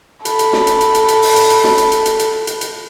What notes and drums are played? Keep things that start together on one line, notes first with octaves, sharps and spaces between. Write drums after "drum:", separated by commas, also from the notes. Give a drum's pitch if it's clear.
A4 B5, drum: hi-hat
drum: hi-hat
drum: snare
drum: hi-hat
drum: hi-hat
drum: hi-hat
drum: hi-hat
drum: open hi-hat
drum: hi-hat
drum: hi-hat
drum: snare
drum: hi-hat
drum: hi-hat
drum: hi-hat
drum: hi-hat
drum: hi-hat
drum: hi-hat